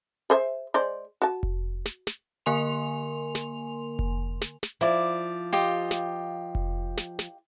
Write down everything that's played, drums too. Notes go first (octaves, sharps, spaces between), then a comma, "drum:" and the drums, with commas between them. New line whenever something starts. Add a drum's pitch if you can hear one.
G#4 C5 E5
G#3 C5 D5
F#4 A5
drum: kick F1
drum: snare
drum: snare
D3 A#3 A#4 G#5 C6 F7
drum: snare
drum: kick F1
drum: snare
drum: snare
F3 E4 D5
F4 G4 D#5
drum: snare
drum: kick F1
drum: snare
drum: snare